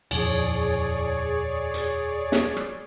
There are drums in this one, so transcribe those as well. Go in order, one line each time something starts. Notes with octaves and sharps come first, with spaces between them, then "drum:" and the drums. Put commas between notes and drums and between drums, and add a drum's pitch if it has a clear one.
D#1 F2 G#4 C#5 D5, drum: cymbal
drum: hi-hat
drum: snare
drum: rim click